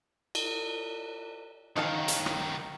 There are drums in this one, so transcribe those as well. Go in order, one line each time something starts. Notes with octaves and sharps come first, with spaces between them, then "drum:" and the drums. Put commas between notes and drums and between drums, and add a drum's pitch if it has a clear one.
drum: cymbal
D#3 F#3 D#4 F5 A5
drum: hi-hat
drum: rim click